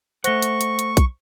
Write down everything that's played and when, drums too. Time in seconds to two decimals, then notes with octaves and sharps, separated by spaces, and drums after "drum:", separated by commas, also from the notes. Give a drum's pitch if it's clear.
0.24 A3 C5 F#5 C#6 A#6 G7, drum: hi-hat
0.42 drum: hi-hat
0.61 drum: hi-hat
0.79 drum: hi-hat
0.97 drum: kick B1, hi-hat